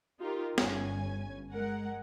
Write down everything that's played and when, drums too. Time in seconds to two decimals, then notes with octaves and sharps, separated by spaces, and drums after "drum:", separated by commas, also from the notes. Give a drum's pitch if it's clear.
0.19 D#4 F4 G4 A#4
0.58 G1 G2 C#4 G#5, drum: snare
1.53 G#3 A#4 F#5